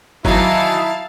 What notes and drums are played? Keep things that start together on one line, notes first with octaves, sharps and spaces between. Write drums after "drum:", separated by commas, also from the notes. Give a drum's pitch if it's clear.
D#3 E3 F#3 E4 F5 A5, drum: kick G1